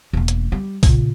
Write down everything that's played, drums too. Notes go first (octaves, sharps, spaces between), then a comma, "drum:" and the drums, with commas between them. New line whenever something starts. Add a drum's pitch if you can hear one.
E1 A#3
drum: hi-hat
G3
A#2 C#3, drum: kick, open hi-hat